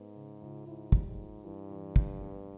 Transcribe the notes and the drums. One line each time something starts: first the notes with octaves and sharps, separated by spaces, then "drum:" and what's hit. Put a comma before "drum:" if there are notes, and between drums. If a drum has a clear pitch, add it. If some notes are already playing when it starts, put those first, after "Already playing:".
Already playing: G#2 B3
C#3
C#2
G#2 E4
G3, drum: kick
G#2
A#2
G2 E3
E2
F1, drum: kick
B3